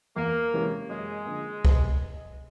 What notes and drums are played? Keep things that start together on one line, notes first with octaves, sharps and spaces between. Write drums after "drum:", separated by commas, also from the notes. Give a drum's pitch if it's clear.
E2 A#3
C3 E3 G#3 C#4
F#2 G#3
D3 F3 A#3
drum: kick C2